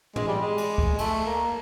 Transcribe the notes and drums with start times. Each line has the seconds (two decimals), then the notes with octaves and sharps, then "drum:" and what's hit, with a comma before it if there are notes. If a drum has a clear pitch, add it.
0.16 G#3, drum: tom
0.28 G3
0.41 G#3
0.58 drum: cymbal
0.78 drum: kick
0.98 A3, drum: cymbal
1.26 A#3